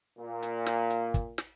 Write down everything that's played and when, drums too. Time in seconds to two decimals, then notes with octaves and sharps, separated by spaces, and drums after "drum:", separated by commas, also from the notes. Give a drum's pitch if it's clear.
0.19 A#2
0.43 drum: hi-hat
0.66 drum: snare
0.90 drum: hi-hat
1.14 drum: kick, hi-hat
1.38 drum: snare